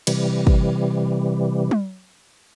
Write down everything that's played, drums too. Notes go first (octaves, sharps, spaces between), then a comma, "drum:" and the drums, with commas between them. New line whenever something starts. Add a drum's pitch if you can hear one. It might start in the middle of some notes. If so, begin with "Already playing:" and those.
C3 E3 G3, drum: cymbal
drum: kick
drum: tom